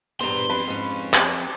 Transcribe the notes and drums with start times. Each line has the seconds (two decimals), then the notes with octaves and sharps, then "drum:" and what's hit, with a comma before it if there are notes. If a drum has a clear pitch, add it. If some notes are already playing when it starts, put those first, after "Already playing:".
0.20 E2 G2 C5 A#5 C6
0.50 F2 B4
0.67 G#2 C#4
1.13 drum: clap